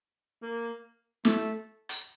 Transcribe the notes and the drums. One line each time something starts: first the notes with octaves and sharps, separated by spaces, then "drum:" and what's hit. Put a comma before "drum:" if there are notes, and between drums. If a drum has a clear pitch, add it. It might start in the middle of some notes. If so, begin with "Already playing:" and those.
A#3
A3, drum: snare
drum: hi-hat